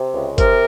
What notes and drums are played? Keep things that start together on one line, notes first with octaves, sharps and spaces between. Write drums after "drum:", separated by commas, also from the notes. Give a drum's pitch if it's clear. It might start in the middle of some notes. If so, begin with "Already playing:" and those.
Already playing: C3
C#2
C3 A#4, drum: kick F#1, hi-hat